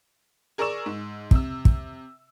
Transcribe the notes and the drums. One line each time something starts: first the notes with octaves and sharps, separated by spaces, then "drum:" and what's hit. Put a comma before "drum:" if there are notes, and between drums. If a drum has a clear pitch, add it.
G#4 A#4 D5 C#6 E6 E7
G#2
C3 E6, drum: kick
drum: kick